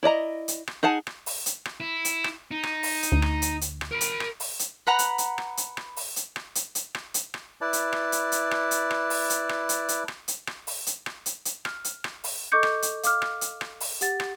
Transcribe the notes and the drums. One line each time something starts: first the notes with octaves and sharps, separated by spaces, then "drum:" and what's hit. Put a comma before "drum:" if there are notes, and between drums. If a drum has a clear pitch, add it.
E4 D5 D#5 A#5
drum: hi-hat
drum: rim click
D#4 G#4 F#5 A5
drum: rim click
drum: open hi-hat
drum: hi-hat
drum: rim click
E4
drum: hi-hat
drum: rim click
D#4
drum: rim click
drum: open hi-hat
drum: hi-hat
D2
drum: rim click
drum: hi-hat
drum: hi-hat
drum: rim click
A#4 B5
drum: hi-hat
drum: rim click
drum: open hi-hat
drum: hi-hat
B4 F#5 A#5 B5
drum: hi-hat
drum: hi-hat
drum: rim click
drum: hi-hat
drum: rim click
drum: open hi-hat
drum: hi-hat
drum: rim click
drum: hi-hat
drum: hi-hat
drum: rim click
drum: hi-hat
drum: rim click
E4 B4 D5 A5
drum: hi-hat
drum: rim click
drum: hi-hat
drum: hi-hat
drum: rim click
drum: hi-hat
drum: rim click
drum: open hi-hat
drum: hi-hat
drum: rim click
drum: hi-hat
drum: hi-hat
drum: rim click
drum: hi-hat
drum: rim click
drum: open hi-hat
drum: hi-hat
drum: rim click
drum: hi-hat
drum: hi-hat
F6, drum: rim click
drum: hi-hat
drum: rim click
drum: open hi-hat
A4 D#5 C#6 D6 G6 C#7
drum: rim click
drum: hi-hat
F5 D6 F6, drum: hi-hat
drum: rim click
drum: hi-hat
drum: rim click
drum: open hi-hat
G4 F#5 A6, drum: hi-hat
drum: rim click